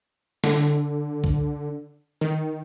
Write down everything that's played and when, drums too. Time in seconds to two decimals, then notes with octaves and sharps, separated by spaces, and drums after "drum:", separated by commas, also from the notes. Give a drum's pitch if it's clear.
0.44 D3, drum: snare
1.24 drum: kick
2.21 D#3